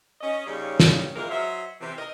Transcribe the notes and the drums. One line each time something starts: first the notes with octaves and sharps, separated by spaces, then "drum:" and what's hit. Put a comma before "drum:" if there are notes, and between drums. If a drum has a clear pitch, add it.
C#4 D#5
D#2 C#3 G3 D#4 G#4 C#5
drum: snare
A#2 E3 G#3 C4 A#4
F#3 C5 D#5 E5
C3 E3
A#4 D#5